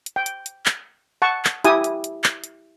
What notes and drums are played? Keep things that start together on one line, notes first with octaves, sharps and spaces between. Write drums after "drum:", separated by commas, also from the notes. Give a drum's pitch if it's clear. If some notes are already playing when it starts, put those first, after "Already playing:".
drum: hi-hat
G5
drum: hi-hat
drum: hi-hat
drum: clap
F#5 A5 C#6
drum: clap
E4 G4 G#5 D#6, drum: hi-hat
drum: hi-hat
drum: hi-hat
drum: clap
drum: hi-hat